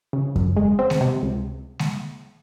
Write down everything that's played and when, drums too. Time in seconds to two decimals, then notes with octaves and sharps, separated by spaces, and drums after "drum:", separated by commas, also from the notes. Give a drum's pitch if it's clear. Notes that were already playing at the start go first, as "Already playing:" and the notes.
0.13 C#3
0.36 F#2, drum: kick E2
0.57 G#3
0.79 C4
0.90 drum: snare G#3
1.01 C3
1.22 C#2
1.79 drum: snare G#3